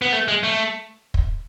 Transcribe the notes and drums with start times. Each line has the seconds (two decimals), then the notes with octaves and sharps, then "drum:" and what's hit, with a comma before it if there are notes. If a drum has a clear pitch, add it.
0.02 B3
0.13 A3
0.28 G#3
0.43 A3
1.14 drum: kick